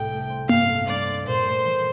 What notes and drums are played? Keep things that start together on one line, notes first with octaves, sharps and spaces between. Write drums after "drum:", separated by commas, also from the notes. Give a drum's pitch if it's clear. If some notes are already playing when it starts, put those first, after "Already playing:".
Already playing: C2 A2 C3 G5
A3
C4
G2 F5, drum: tom A#3
A3
G3 D5
C4
A#2 C5
A3
E3